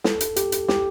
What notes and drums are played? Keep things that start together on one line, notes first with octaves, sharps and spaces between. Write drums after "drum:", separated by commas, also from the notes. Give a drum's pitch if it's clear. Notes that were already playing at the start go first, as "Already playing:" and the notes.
A4, drum: snare
drum: hi-hat
G4, drum: hi-hat
drum: hi-hat
G4, drum: snare